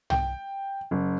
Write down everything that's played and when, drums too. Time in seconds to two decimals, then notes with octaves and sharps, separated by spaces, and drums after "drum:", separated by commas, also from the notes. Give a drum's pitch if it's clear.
0.10 G5, drum: tom
0.91 F#1